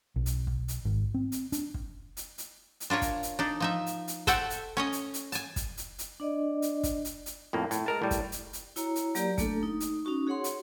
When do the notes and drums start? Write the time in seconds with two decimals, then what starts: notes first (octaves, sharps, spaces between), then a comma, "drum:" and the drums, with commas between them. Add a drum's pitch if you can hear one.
0.16 B1
0.26 drum: hi-hat
0.47 drum: kick
0.68 drum: hi-hat
0.85 G#1
1.14 C4
1.32 drum: hi-hat
1.52 D4, drum: hi-hat
1.74 drum: kick
2.17 drum: hi-hat
2.38 drum: hi-hat
2.80 drum: hi-hat
2.90 D4 F4 A#4 C#5
3.02 drum: kick, hi-hat
3.23 drum: hi-hat
3.39 D4 D#4
3.60 F3 D#4 E5
3.86 drum: hi-hat
4.08 drum: hi-hat
4.27 F#4 A4 C5 E5 F#5 G5, drum: kick, hi-hat
4.50 drum: hi-hat
4.77 C#4 C#5 D#5
4.92 drum: hi-hat
5.14 drum: hi-hat
5.32 G#5 A5, drum: hi-hat
5.56 drum: kick, hi-hat
5.77 drum: hi-hat
5.99 drum: hi-hat
6.20 D4 D5 D#5
6.62 drum: hi-hat
6.83 drum: kick, hi-hat
7.05 drum: hi-hat
7.26 drum: hi-hat
7.53 F2 A2 A#3
7.71 A2, drum: hi-hat
7.86 G#3 A#4 A5
8.02 A2 G3
8.11 drum: kick, hi-hat
8.32 drum: hi-hat
8.53 drum: hi-hat
8.76 E4 F#4 C#5 A#5, drum: hi-hat
8.96 drum: hi-hat
9.15 F#3 A#3 G4 A#4 D5 A#5, drum: hi-hat
9.38 A3 A#3 D4 A4, drum: kick, hi-hat
9.63 D#4
9.80 drum: hi-hat
10.05 C#4 D#4 F#4 C#6
10.27 F#4 G#4 C#5 F#5 C6
10.44 drum: hi-hat